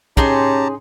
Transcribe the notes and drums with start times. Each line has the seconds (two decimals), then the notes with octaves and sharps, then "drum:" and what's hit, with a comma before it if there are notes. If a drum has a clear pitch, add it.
0.17 C#4 D#4 G4 G#4 A5 A#5 C6, drum: kick